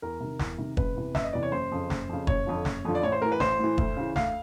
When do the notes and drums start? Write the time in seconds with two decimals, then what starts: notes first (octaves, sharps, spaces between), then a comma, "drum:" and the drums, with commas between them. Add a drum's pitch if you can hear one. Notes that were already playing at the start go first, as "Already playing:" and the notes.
0.02 E2 A#4
0.20 C3 D#3
0.39 E2, drum: snare
0.58 C3 D#3
0.77 F#1 B4, drum: kick
0.96 E2 C3 E3
1.15 F#1 E5, drum: snare
1.23 D#5
1.33 E2 C3 E3 D5
1.43 C#5
1.52 F#1 C5
1.72 F2 C#3
1.90 F#1, drum: snare
2.09 F2 C#3
2.27 F#1 C#5, drum: kick
2.46 F2 D3 F3
2.65 F#1, drum: snare
2.85 F2 D3 F3
2.95 D5
3.03 A1 C#5
3.12 C5
3.22 A2 E3 A#4
3.32 B4
3.40 A1 C5, drum: snare
3.59 A2 E3
3.78 D2, drum: kick
3.97 C#3 E3
4.16 D2 F5, drum: snare